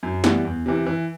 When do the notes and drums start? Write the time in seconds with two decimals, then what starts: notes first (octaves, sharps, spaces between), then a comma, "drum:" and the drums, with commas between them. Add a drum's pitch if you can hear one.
0.03 F#2
0.24 E3 G3 B3, drum: snare
0.45 E2
0.66 C3 E3
0.86 E3